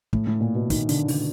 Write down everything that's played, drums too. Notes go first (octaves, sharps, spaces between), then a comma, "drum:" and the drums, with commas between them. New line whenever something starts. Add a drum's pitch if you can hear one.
A2, drum: kick
A2
A#2
B2
D#3, drum: kick, hi-hat
D3, drum: hi-hat
D3, drum: open hi-hat